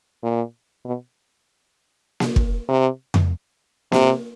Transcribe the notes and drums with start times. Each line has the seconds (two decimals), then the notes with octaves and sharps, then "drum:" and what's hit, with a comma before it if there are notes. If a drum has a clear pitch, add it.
0.23 A#2
0.85 B2
2.20 drum: snare A#3
2.36 drum: kick
2.69 C3
3.14 drum: tom F2
3.92 C3, drum: snare A#3